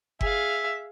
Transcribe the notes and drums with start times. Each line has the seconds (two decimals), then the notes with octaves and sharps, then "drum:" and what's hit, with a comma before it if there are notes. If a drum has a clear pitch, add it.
0.21 G#4 E5 F5, drum: kick F#1